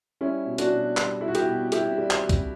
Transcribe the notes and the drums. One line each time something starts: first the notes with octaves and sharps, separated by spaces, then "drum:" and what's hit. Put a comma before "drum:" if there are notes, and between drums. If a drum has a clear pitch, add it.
G3 C#4 E4
B2
D4 F#4, drum: hi-hat
B2
G3, drum: clap
G3 E4
F#4
E4 G4, drum: hi-hat
B2
B2 E4 G4, drum: hi-hat
G3
drum: clap
drum: kick, hi-hat